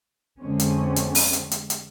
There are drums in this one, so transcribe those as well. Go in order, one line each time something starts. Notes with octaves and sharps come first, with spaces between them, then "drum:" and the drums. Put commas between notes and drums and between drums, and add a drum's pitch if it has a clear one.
F2 D3 G#3 C4 C#4
drum: hi-hat
drum: hi-hat
drum: open hi-hat
drum: hi-hat
drum: hi-hat
drum: hi-hat